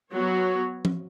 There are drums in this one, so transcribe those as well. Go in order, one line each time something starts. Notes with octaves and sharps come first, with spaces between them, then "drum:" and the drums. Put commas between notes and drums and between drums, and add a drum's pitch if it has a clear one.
F#3 B3 F#4 C#5
drum: tom F3